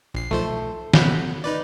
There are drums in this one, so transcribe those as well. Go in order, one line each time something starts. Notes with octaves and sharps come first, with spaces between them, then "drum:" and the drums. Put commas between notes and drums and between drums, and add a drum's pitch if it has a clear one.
A#1 C7
B1 F3 A3 C5
F#5 B5 G6, drum: snare
D#4 B4 D5